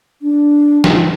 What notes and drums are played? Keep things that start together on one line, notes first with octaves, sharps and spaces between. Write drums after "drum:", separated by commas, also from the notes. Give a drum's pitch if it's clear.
D4
D#4, drum: snare